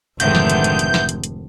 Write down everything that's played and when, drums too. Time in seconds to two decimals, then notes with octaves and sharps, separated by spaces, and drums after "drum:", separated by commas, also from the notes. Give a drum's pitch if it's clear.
0.20 F1 G#2 D3 D#3 B4 E5 F#5 G6, drum: hi-hat
0.35 drum: snare
0.50 drum: hi-hat
0.64 drum: hi-hat
0.79 drum: hi-hat
0.94 drum: snare
1.09 drum: hi-hat
1.24 drum: hi-hat